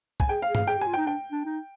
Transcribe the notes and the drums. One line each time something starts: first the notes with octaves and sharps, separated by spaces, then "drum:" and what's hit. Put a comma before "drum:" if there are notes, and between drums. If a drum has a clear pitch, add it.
G#5, drum: kick
G#4 G5
F5
G#4
F5, drum: tom G2
G#4 G5
G4
G#5
F4
D#4 G5
D4 G5
D4
D#4